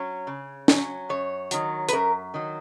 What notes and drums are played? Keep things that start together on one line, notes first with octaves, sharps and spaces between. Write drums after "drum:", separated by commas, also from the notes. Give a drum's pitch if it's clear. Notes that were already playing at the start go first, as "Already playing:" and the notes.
Already playing: F#3 C#4 C#5
C#3
F#3 C#4, drum: snare
F#2 C#5
D#3 F#3, drum: hi-hat
B4, drum: hi-hat
F#2 A#4
D#3 F#3